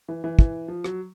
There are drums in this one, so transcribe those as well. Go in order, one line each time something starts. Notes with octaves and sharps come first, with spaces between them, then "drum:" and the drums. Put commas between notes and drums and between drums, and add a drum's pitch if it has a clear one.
E3
E3
E3, drum: kick
F3
F#3, drum: rim click